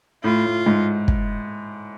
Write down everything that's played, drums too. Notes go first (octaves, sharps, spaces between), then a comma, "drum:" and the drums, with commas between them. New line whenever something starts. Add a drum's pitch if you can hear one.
A2 F4
A2
G#2
drum: kick